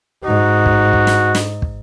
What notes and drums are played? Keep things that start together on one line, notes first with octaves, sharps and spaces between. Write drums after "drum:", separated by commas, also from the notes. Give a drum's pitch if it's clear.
G#2 D#4 F#4
drum: kick
drum: kick
drum: snare
drum: snare
drum: kick